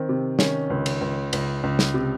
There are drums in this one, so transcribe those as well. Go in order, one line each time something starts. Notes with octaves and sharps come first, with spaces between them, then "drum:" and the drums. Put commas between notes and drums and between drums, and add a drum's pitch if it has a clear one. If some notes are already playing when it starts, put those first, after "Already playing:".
Already playing: D#3 C4
C3
D#3 C#4, drum: snare
C#2
drum: cymbal
C#2
C#2, drum: cymbal
C#2
drum: snare
C3